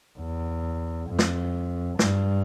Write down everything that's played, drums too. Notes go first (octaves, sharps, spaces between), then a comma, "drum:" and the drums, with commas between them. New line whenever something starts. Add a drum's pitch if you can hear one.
E2
F2
drum: snare
G2, drum: snare